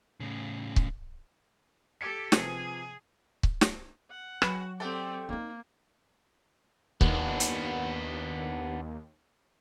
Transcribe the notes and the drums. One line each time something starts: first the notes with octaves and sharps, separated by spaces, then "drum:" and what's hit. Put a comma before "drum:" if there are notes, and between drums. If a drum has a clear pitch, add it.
A2 C#3
drum: kick C#1
G4 A4 D6 G#6 C#7
C3 F3 G#4 B4, drum: snare
drum: kick C#1
drum: snare
F#5
F#3 C#4 F#4 G#4 B4, drum: rim click
A3 C4 G4 A4 D5 F#5 G5
A#3 D4 D#4
D#2 B3 D4, drum: kick C#1
drum: hi-hat